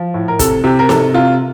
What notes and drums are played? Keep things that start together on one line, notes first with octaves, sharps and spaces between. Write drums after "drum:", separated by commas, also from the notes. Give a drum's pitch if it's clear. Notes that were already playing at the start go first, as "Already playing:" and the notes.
Already playing: F3
A2
A#4
C3 A4, drum: kick, hi-hat
C3 G4
A#4
C3 A4, drum: snare
C3 F4